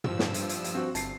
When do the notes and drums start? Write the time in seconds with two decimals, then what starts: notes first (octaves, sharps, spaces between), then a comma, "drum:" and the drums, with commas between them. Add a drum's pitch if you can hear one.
0.04 G2 F3 E6, drum: tom
0.19 drum: snare
0.34 drum: hi-hat
0.49 drum: hi-hat
0.64 drum: hi-hat
0.75 C4 F#4
0.95 G1 A5 C7, drum: hi-hat